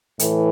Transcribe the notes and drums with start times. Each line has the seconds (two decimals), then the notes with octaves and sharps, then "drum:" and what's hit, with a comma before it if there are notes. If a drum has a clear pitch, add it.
0.19 A2 E3, drum: hi-hat